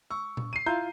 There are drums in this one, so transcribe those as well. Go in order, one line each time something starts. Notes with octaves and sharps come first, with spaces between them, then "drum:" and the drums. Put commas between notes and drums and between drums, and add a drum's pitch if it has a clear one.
C#6 E6
drum: tom A#2
C7 D#7
E4 F4 F5 A#5 G6